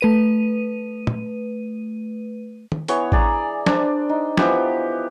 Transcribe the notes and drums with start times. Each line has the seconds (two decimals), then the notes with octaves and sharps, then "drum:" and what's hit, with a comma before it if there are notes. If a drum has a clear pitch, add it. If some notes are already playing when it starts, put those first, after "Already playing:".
0.01 A3 B4 D#7
1.07 drum: tom
2.72 drum: tom
2.88 E3 B3 C#5, drum: hi-hat
3.12 G#4 D5 A#5, drum: kick
3.66 D4 C5, drum: snare
4.09 D#4
4.37 E3 F3 B3 G4, drum: snare